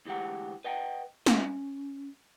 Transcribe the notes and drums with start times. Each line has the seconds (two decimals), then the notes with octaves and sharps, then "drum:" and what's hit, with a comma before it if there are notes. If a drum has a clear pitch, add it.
0.05 D2 E3 G#3 G4 F#5
0.64 B4 D#5 F#5 G5
1.26 C#4, drum: snare